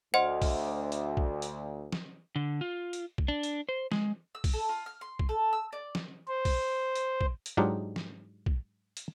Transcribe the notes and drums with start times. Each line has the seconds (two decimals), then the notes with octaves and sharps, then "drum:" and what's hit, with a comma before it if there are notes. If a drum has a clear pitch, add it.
0.14 D2 C5 D#5 F#5 C6
0.42 drum: kick, open hi-hat
0.92 drum: hi-hat
1.17 drum: kick
1.42 drum: hi-hat
1.92 drum: snare
2.36 D3
2.61 F4
2.93 drum: hi-hat
3.18 drum: kick
3.28 D4
3.43 drum: hi-hat
3.69 C5
3.92 G#3, drum: snare
4.35 E6
4.44 drum: kick, open hi-hat
4.53 A4
4.69 F4
4.86 F6
5.01 C6
5.19 drum: kick
5.29 A4
5.53 E6
5.73 D5
5.95 drum: snare
6.28 C5
6.45 drum: kick, open hi-hat
6.95 drum: hi-hat
7.21 drum: kick
7.46 drum: hi-hat
7.57 G#2 F#3 D4 D#4 F4 G4
7.96 drum: snare
8.46 drum: kick
8.97 drum: hi-hat